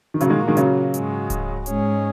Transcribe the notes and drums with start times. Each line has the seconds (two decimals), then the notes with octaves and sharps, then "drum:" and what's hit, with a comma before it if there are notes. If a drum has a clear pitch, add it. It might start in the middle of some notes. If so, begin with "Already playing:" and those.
0.14 D#3
0.20 A#2 C#3 F#3 A#3 F#4, drum: hi-hat
0.30 D#3 G#3
0.48 D#3 G#3
0.57 C#3 F#3, drum: hi-hat
0.94 G#2 G#3 F#4, drum: hi-hat
1.30 drum: kick D1, hi-hat
1.66 G#2 G#3 C#4 G#4 C#5, drum: hi-hat